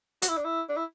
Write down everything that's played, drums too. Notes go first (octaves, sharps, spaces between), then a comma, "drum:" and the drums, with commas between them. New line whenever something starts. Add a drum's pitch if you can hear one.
F#4, drum: hi-hat
E4
D4
E4
D4
E4